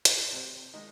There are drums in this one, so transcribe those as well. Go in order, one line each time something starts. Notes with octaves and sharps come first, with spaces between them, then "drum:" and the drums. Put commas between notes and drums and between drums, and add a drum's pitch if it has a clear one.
drum: hi-hat
C3 C4
D#3 G#3 D#4